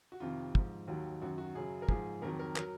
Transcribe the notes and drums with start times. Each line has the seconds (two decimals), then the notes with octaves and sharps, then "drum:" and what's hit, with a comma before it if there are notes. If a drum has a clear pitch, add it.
0.12 F#4
0.20 F2 C3 D#3 F4
0.55 G#2 F3, drum: kick
0.87 D#2 D#3 F#3 F#4
1.22 F#2 D#3 F#3 F#4
1.38 F#4
1.55 F#2 C#3 F#3 G#4
1.82 A#4
1.89 G#2 F3 G#4, drum: kick
2.22 F2 D#3 F#3 A#4
2.39 A#4
2.56 A#4, drum: clap
2.59 F#3